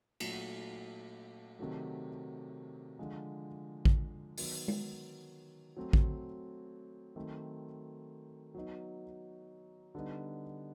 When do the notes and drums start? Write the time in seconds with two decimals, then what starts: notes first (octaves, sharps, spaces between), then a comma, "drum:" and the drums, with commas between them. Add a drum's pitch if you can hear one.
0.20 A#2 F#3 A3, drum: cymbal
1.59 C3 D#3 F#3 A3
2.99 D3 F3 G#3
3.85 drum: kick
4.38 D#3 F#3 B3, drum: open hi-hat
4.68 drum: tom G#3
5.77 F#3 A3 C4
5.93 drum: kick
7.15 D#3 F#3 A3 C4
8.55 F#3 B3 D#4
9.95 D3 G3 B3 D#4